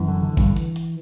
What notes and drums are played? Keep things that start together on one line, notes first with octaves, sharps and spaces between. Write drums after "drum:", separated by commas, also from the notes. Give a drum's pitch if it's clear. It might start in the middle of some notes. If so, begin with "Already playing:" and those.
Already playing: F#2 E3
D3
D3
G2, drum: kick G#1, hi-hat
drum: hi-hat
drum: hi-hat